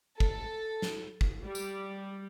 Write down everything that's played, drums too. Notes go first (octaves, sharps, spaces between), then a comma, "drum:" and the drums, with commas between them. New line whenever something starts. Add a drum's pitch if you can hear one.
A4, drum: kick
drum: snare
drum: kick
G3
drum: tambourine